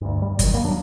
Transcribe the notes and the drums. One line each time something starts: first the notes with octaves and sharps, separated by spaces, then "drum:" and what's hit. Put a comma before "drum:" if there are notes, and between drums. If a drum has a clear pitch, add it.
D2 G2
G3
D#3 F#3, drum: kick, hi-hat
G2 G3 A#3
D#1 A1 F#3 D4